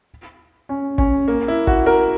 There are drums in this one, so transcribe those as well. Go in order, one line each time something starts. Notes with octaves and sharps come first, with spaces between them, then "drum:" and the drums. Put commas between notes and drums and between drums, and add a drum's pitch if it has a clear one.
C#4
C#4, drum: kick
A#3
E4
F#4, drum: kick
A#4